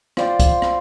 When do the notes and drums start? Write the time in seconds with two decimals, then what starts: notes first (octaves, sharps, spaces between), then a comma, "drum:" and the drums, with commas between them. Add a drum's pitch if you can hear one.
0.17 F4 C5 D5 G5, drum: rim click
0.40 drum: kick C2, hi-hat
0.62 drum: rim click